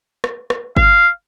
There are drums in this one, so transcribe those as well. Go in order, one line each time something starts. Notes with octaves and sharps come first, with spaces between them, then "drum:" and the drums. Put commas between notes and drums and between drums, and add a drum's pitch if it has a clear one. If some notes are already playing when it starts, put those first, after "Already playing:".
drum: rim click
drum: rim click
F5, drum: kick G1